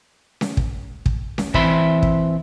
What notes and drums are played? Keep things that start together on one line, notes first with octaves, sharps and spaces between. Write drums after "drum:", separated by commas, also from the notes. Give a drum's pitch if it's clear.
drum: snare C#4
drum: kick
drum: kick
drum: snare C#4
E3 C4 E5 B5 C6, drum: kick
drum: kick